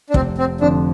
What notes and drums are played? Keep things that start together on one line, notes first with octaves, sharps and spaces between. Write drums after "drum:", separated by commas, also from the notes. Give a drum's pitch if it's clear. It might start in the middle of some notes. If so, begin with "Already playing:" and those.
D4
F1 C4, drum: kick
C4
F2 D3 D4